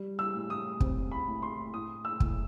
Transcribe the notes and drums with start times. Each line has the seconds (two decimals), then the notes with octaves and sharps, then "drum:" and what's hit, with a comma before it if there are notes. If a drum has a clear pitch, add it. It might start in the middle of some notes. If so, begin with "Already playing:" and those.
Already playing: G3
0.19 E6
0.34 A2
0.50 D#6
0.80 C4, drum: kick
1.11 B5
1.27 A2
1.42 C6
1.74 A2 D#6
2.05 E6
2.20 A2, drum: kick